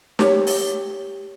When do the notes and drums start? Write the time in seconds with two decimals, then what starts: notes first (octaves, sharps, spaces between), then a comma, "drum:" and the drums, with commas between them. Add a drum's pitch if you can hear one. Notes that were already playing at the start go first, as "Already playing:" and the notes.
0.19 G4 C#5, drum: snare
0.47 drum: open hi-hat